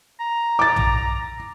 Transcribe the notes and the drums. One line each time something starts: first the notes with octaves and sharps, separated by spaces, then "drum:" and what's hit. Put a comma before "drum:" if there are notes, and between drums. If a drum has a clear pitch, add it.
A#5
D6 A6
drum: tom A#1